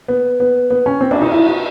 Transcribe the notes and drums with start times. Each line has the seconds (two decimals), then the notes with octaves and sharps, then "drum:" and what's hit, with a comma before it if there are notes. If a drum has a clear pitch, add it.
0.08 B3
0.40 B3
0.70 B3
0.86 C#4
1.01 C4
1.11 D4, drum: cymbal
1.21 D#4
1.32 E4
1.47 F#4